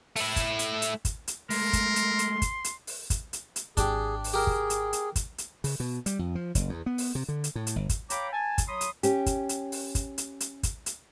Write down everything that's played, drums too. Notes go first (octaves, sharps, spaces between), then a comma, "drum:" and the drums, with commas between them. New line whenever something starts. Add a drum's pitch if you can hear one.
A3 E4, drum: open hi-hat
drum: kick, hi-hat
drum: hi-hat
drum: hi-hat
drum: kick, hi-hat
drum: hi-hat
G#3 A3 A#4 C6, drum: open hi-hat
drum: kick, hi-hat
drum: hi-hat
drum: hi-hat
drum: kick, hi-hat
drum: hi-hat
drum: open hi-hat
drum: kick, hi-hat
drum: hi-hat
drum: hi-hat
G#1 D4 G4 G#4, drum: kick, hi-hat
drum: open hi-hat
G4 G#4 A#4
drum: kick
drum: hi-hat
drum: hi-hat
drum: kick, hi-hat
drum: hi-hat
C#3, drum: open hi-hat
B2
G3, drum: hi-hat
F2
F3
F#1, drum: kick, hi-hat
E2
B3
drum: open hi-hat
C3
D3
drum: hi-hat
A2
drum: hi-hat
G1
drum: kick, hi-hat
C#5 F5 G5 A#5 B5 D6, drum: hi-hat
G#5 A5
drum: kick, hi-hat
F#3 B5 C6 D#6
drum: hi-hat
C#4 G4, drum: hi-hat
drum: kick, hi-hat
drum: hi-hat
drum: open hi-hat
drum: kick, hi-hat
drum: hi-hat
drum: hi-hat
drum: kick, hi-hat
drum: hi-hat